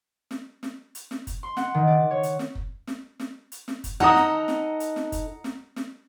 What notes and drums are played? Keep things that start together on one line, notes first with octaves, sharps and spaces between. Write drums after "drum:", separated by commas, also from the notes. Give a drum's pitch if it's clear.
drum: snare
drum: snare
drum: hi-hat
drum: snare
drum: kick F#1, hi-hat
C6
F#5, drum: snare
D#3
D5
C#5
drum: hi-hat
drum: snare
drum: kick F#1
drum: snare
drum: snare
drum: hi-hat
drum: snare
drum: kick F#1, hi-hat
D#4 A4 F#5 A#5 D#6
drum: snare
drum: snare
drum: hi-hat
drum: snare
drum: kick F#1, hi-hat
drum: snare
drum: snare